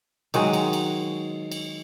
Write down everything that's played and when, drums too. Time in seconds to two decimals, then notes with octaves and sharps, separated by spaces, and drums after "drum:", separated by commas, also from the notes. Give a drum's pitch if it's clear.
0.34 D#3 F#3 G#3 F#4, drum: cymbal
0.53 drum: cymbal
0.73 drum: cymbal
1.52 drum: cymbal